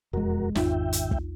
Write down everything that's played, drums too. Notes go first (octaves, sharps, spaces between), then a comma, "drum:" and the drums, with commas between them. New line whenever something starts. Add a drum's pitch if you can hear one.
E1 F2 G#3 F#4 A#4
G#1 E2 D#4 F4 E5 G5, drum: snare
drum: hi-hat
drum: kick